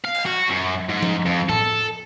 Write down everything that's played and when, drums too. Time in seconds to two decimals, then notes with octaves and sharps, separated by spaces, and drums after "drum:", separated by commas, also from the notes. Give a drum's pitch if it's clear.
0.05 F5
0.14 drum: cymbal
0.26 F#4
0.49 F#2
0.89 G#2
1.03 drum: tom F3
1.26 F2
1.49 A4, drum: tom A2